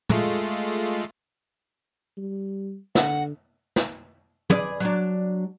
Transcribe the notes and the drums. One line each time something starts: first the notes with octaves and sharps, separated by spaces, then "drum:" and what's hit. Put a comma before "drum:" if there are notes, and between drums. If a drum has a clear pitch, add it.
G#3 A3 F4, drum: tom
G3
D3 F#5, drum: snare
drum: snare
G#4 B4 D5, drum: tom
F#3 D4, drum: hi-hat